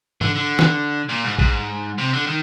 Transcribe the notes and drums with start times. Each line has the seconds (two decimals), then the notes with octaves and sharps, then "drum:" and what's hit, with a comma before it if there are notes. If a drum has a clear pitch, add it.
0.21 D3, drum: tom G#2
0.35 D3
0.59 drum: snare
1.09 A#2
1.24 G#2
1.39 G#2, drum: kick
1.98 C3
2.13 D3
2.27 D#3